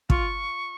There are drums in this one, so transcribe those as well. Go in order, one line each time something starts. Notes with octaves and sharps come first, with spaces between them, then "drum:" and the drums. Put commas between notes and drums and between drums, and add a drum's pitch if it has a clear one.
F4 C#6, drum: kick